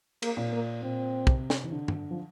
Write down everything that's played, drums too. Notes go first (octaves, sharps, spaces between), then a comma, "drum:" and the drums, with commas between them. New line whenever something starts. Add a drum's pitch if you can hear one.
A#3, drum: cymbal
A#2
A#3
A#2 C4
C3, drum: kick
drum: snare
E3
D3
drum: tom G2
F3